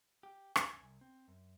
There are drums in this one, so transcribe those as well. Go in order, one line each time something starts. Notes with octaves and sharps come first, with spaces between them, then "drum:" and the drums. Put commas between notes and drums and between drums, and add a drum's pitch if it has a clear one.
G4
drum: rim click
G#5
C2
C4
F#2